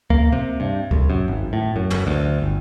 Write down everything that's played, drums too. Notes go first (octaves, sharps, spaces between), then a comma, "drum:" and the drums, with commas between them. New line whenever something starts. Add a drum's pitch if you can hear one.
A#3, drum: kick D2
C3
G2
C2, drum: kick D2
F#2
G#1
A2
F#2
drum: tom
D2
G1